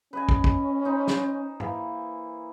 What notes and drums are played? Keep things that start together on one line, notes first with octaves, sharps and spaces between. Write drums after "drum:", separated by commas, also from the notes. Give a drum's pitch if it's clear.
C#4 B4 D#5 G#5
drum: kick
drum: kick
D#4 C5 B5
drum: snare
E3 A#3, drum: tom G#2